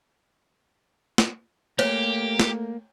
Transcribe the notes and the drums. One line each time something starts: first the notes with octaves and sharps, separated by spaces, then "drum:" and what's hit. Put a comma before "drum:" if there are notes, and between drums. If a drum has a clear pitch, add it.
drum: snare
A3 A#3 G4 C#5, drum: cymbal
drum: snare